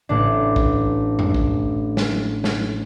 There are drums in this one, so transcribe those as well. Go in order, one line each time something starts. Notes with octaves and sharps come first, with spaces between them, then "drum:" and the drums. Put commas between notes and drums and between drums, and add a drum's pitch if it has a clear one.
A1 D4
drum: kick
drum: tom F#2
drum: kick
drum: snare
drum: snare